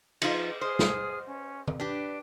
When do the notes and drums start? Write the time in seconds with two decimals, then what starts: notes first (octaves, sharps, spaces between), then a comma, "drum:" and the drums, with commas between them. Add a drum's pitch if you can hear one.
0.22 F3 D#4 F4, drum: cymbal
0.61 G#4 C5 D#6 F6
0.79 drum: snare
1.26 C#4
1.68 drum: tom
1.80 D4 G4 B4